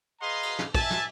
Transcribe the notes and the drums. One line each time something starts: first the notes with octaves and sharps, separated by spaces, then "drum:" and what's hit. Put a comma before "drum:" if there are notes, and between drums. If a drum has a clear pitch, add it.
G#4 B4 D#5 F5 A#5 C6
drum: cymbal
drum: snare
E5 G#5 A5, drum: kick, cymbal
drum: snare